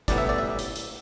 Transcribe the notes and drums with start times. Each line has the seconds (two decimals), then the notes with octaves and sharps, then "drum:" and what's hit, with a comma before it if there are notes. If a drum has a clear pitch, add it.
0.08 B1 A2 G3 B3 D5, drum: kick, hi-hat
0.18 E5
0.29 D5
0.38 E5
0.59 drum: hi-hat
0.76 drum: hi-hat